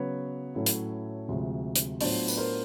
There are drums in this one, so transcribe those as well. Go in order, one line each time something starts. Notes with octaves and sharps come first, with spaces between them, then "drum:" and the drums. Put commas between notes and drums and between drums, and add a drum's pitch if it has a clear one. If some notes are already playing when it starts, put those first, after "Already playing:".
Already playing: C#3 F#3 B3 B4 C#5
A2 F#3 A3 C#4 E4
drum: hi-hat
D2 C3 F3 G#3
drum: hi-hat
A2 F#3 B3 D4 F4 C5 D5, drum: open hi-hat
B4, drum: tambourine
A#4 C5